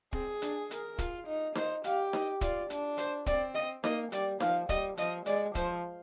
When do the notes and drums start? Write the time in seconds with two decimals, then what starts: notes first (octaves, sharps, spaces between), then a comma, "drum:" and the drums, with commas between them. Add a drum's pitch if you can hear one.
0.13 C4 G#4, drum: kick
0.42 D4, drum: hi-hat
0.71 A#4, drum: hi-hat
0.99 F4, drum: kick, hi-hat
1.27 D#4
1.55 D#4 C5, drum: snare D#4
1.84 G4 F5, drum: hi-hat
2.13 D#5, drum: snare D#4
2.41 F4 D5, drum: kick, hi-hat
2.70 D4, drum: hi-hat
2.98 C5, drum: hi-hat
3.26 C4 D5, drum: kick, hi-hat
3.55 D#5
3.84 A#3 D#5, drum: snare D#4
4.12 G3 D5, drum: hi-hat
4.40 F3 F5, drum: snare D#4
4.69 G3 D#5, drum: kick, hi-hat
4.97 F3 D#5, drum: hi-hat
5.26 G#3 D5, drum: hi-hat
5.55 F3 C5, drum: kick, hi-hat